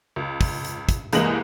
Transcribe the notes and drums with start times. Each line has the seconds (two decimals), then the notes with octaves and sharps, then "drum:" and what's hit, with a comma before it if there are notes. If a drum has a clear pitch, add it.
0.16 C#2
0.41 drum: kick, open hi-hat
0.65 drum: hi-hat
0.89 drum: kick, hi-hat
1.13 C2 E3 G#3 A#3 D#5 F#7, drum: hi-hat